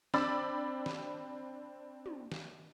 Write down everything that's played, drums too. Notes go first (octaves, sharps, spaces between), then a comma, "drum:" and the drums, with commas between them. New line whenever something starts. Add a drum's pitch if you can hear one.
C4 D4 B5 D6 E6 A6, drum: snare
drum: snare
drum: tom
drum: snare